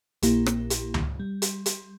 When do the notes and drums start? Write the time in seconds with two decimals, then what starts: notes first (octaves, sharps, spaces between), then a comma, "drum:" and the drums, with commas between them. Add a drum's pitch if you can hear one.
0.22 A#1 A#2 A#3 E4 G4, drum: hi-hat
0.46 drum: rim click
0.70 drum: hi-hat
0.94 drum: tom C#2
1.20 G3
1.42 drum: hi-hat
1.66 drum: hi-hat